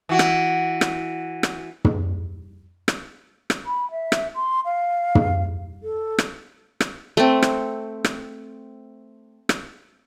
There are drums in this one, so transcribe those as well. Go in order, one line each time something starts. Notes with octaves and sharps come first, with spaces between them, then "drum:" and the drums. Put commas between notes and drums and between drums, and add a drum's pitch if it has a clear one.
E3 F#4
drum: rim click
drum: rim click
drum: rim click
drum: tom
drum: rim click
drum: rim click
B5
E5
drum: rim click
C6
F5
drum: tom
A4
drum: rim click
drum: rim click
A3 C4
drum: rim click
drum: rim click
drum: rim click